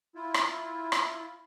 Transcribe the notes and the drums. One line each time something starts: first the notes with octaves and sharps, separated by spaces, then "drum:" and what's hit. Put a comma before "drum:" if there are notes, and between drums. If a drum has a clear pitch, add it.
E4 F4
drum: rim click
drum: rim click